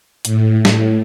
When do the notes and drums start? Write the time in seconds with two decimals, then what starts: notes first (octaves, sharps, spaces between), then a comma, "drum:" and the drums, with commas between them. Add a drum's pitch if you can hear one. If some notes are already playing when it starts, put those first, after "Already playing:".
0.25 A2, drum: hi-hat
0.65 A2, drum: snare